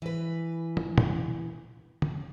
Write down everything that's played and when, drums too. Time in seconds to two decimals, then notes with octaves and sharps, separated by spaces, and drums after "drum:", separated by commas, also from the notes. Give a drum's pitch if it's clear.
0.02 E3 B4
0.77 drum: tom
0.98 drum: tom
2.02 drum: tom